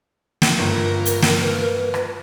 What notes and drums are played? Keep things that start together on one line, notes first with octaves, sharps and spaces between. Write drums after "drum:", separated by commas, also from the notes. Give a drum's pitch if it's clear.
drum: snare
G1 F4 A#4
drum: hi-hat
drum: snare
B4
drum: rim click